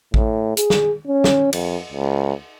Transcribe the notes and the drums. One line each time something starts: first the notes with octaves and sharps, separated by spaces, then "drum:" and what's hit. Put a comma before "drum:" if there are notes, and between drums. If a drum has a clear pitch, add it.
A2, drum: kick A1
G#4, drum: hi-hat
drum: snare
C#4
drum: snare
F2, drum: cymbal
C#2